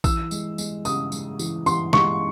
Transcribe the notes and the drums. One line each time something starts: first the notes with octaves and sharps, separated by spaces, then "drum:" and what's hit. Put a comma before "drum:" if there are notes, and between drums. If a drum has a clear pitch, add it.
E3 E6, drum: kick A#1, tambourine
G#3, drum: tambourine
G#3, drum: tambourine
C#3 D#6, drum: tambourine
G#3, drum: tambourine
E3, drum: tambourine
E3 C6, drum: tambourine
G#3 C#6, drum: snare